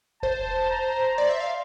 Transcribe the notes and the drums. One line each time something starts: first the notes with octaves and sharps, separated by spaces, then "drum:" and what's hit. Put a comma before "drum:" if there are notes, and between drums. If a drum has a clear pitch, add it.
C5 A5, drum: kick E1
A#5
D5 C6
E5
F5